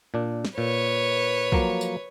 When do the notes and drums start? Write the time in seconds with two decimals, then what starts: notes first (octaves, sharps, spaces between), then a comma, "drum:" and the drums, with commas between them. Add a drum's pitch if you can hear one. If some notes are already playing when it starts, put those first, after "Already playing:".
0.14 A#2 D4
0.45 drum: snare
0.58 A#2 B4 C#5
1.52 F3 F#3 A#3, drum: kick
1.81 drum: tambourine